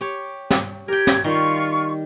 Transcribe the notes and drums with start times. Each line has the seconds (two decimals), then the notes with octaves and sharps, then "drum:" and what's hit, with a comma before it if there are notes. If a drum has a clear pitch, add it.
0.01 G4 C#5
0.51 drum: snare
0.88 G4 A#4 G5 G#6
1.07 drum: snare
1.24 D#3 G3 F4 C#6